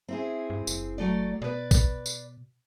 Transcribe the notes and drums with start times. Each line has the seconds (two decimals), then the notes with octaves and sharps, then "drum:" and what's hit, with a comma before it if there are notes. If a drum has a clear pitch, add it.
0.08 C4 E4 G#4
0.50 G2
0.67 F#1, drum: tambourine
0.98 F#3 A3 D5
1.42 B2 B4 D5
1.71 drum: kick A#1, tambourine
2.06 drum: tambourine